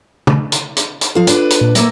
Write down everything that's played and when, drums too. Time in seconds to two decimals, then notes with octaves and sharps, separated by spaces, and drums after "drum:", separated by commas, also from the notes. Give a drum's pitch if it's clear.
0.27 drum: tom
0.52 drum: hi-hat
0.77 drum: hi-hat
1.01 drum: hi-hat
1.15 F3 F4 A4 F5
1.27 D4 B4, drum: hi-hat
1.50 drum: hi-hat
1.61 A#2
1.75 A3 A#3 E6 A#6, drum: hi-hat